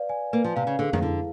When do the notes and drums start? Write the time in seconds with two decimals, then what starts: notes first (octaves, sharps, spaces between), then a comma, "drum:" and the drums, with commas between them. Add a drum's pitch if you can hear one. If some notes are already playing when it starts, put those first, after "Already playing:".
Already playing: B4 D5 F5
0.09 G#5
0.33 A#3 B4
0.44 F3
0.56 C3 F5
0.67 C#3
0.79 D3 G#4
0.93 D#3, drum: tom F2
1.02 D3 E4